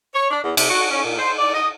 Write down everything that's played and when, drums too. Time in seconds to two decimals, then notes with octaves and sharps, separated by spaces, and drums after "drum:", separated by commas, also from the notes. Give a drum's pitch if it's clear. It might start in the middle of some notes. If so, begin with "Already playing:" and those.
0.15 C#5
0.31 D4
0.44 E2
0.57 C3, drum: cymbal
0.70 F#4
0.90 C#4
1.04 A#2
1.19 C5
1.39 D5
1.54 D#5